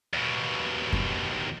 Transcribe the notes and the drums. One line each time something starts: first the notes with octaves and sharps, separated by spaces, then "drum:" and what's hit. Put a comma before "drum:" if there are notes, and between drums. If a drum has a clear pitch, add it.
D#2 B2
drum: kick F#2